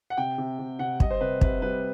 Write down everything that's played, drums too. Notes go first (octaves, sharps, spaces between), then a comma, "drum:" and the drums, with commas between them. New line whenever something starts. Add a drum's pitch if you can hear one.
F#5
C3 G5
C3
C3
C3 F#5
G3 D#5, drum: kick
C5
C3 B4
C3 B4, drum: kick
G3 B4